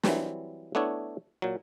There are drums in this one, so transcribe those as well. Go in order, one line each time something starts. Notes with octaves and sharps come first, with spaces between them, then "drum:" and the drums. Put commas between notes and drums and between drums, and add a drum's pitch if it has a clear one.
E3 F#3 G3 C4, drum: snare
A3 B3 D4 E4 C#5
A#2 F#3